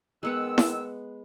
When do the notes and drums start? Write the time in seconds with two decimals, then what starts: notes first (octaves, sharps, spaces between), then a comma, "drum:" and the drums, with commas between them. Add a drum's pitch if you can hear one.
0.23 D#3 G#3 B3 F#5 E6
0.58 drum: snare E4